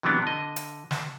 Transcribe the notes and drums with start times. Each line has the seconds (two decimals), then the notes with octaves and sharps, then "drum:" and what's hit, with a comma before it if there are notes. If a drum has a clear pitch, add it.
0.03 C3 E3 F#3 A#3 B3 D4
0.22 D3 D#5
0.56 drum: hi-hat
0.91 A5, drum: snare